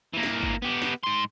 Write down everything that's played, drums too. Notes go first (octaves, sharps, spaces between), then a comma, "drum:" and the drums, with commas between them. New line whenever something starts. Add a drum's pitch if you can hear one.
E3 A#3
drum: snare
drum: kick G#1
B3 G4
drum: snare
G#2 C6